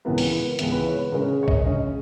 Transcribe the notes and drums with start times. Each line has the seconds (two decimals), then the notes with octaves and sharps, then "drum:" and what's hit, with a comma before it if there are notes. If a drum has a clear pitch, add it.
0.05 C#2 C#3 E3 B3 E4 A#4
0.18 drum: open hi-hat
0.32 B4
0.59 C#2 C#3 E3 B3 E4, drum: hi-hat
0.72 B4
0.86 C#5
0.99 B4
1.12 C#3 G#3 C#4 A#4
1.30 C#5
1.43 C#5
1.48 D#5, drum: kick A#1
1.66 C#3 G#3 C#4 D#5